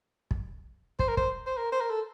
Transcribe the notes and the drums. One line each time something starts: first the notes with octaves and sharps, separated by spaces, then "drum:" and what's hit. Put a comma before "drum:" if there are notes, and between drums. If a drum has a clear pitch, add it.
drum: kick
C5, drum: kick
A#4
C5, drum: kick
C5
A#4
C5
A#4
A4